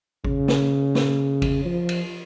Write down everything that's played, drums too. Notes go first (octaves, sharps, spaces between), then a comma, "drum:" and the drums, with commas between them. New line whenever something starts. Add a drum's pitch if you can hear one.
C#3, drum: kick G#1
drum: snare
drum: snare
drum: kick G#1, cymbal
F3
drum: cymbal